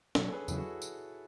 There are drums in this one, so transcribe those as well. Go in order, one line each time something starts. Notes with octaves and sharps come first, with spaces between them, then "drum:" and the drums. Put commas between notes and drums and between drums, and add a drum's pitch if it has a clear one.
B2 F#3 C#4 A4 C#5, drum: snare
G#4 B4
E2 C#3 F#3 E4 G#4, drum: tambourine
F#4 A4
drum: tambourine